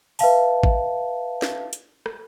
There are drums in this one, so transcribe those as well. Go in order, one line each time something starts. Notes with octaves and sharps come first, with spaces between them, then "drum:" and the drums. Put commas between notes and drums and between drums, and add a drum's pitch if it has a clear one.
B4 E5 F5 A5, drum: open hi-hat
drum: kick
drum: snare
drum: hi-hat
drum: rim click